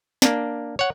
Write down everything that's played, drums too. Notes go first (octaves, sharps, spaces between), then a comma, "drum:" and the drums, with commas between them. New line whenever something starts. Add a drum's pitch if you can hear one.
A#3 D4, drum: snare
C#5 F#5